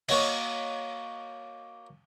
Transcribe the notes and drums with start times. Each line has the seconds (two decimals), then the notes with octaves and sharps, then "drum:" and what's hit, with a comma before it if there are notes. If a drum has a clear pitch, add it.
0.09 A#3 F#4 C#5 D#5, drum: cymbal